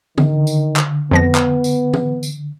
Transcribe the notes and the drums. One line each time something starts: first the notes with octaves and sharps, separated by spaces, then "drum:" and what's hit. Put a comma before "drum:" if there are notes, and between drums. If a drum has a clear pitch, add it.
D3 D#3, drum: tom
drum: tambourine
drum: clap
F2 F3 B3 A#6
drum: clap
drum: tambourine
drum: tom
drum: tambourine